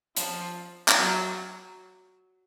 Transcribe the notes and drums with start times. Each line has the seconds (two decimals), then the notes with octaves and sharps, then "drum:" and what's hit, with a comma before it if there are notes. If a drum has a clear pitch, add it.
0.17 F3, drum: hi-hat
0.88 drum: clap
0.98 F#3